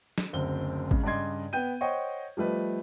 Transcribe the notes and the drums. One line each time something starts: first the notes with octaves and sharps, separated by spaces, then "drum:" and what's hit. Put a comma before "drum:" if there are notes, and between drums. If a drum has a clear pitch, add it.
drum: snare
F#1 D2 C4 G7
C#3 G#3, drum: kick G#1
G2 C#3 D5 D#5 C6 G#6
B3 G5 G6 D#7
C5 C#5 D#5 F#5 G5 C#6
F3 G3 A3 B4 D#5